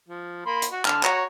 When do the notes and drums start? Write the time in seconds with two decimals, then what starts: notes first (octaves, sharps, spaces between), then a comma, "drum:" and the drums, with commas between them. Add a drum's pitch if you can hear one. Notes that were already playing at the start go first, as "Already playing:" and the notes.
0.09 F3
0.46 A#3 B5 C6
0.62 drum: hi-hat
0.72 F#4
0.85 D3 A5 F6, drum: clap
1.03 F#4 C#5 A#5, drum: clap